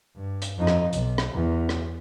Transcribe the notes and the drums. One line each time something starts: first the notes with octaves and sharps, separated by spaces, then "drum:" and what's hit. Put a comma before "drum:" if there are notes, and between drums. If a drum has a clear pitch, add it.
G2
drum: hi-hat
F2 D#4
drum: rim click
B1, drum: hi-hat
drum: rim click
E2
drum: rim click